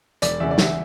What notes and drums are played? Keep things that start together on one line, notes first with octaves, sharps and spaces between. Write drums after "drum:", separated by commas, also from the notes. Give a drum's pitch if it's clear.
E1 D5, drum: hi-hat
E2 C#3 E5
D5
E2 E5, drum: snare